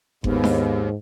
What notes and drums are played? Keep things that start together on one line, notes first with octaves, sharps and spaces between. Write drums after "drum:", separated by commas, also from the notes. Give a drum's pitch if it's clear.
D#2 G#2 B3, drum: kick F#1
drum: snare D4